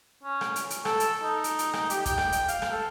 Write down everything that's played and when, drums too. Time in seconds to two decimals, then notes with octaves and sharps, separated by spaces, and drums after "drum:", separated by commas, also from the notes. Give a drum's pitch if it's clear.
0.23 C#4
0.41 drum: rim click
0.56 drum: hi-hat
0.70 drum: hi-hat
0.85 A4, drum: rim click
1.00 drum: hi-hat
1.23 D#4
1.44 drum: hi-hat
1.59 drum: hi-hat
1.73 drum: rim click
1.90 G4, drum: hi-hat
2.05 G5, drum: kick, hi-hat
2.18 drum: rim click
2.32 drum: hi-hat
2.48 F5, drum: hi-hat
2.62 drum: rim click
2.71 A4